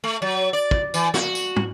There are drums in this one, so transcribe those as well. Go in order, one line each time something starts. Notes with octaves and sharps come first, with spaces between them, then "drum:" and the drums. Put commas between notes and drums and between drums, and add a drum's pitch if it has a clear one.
A3
F#3
D5
drum: kick
E3, drum: tambourine
F#4, drum: snare
drum: tambourine
drum: tom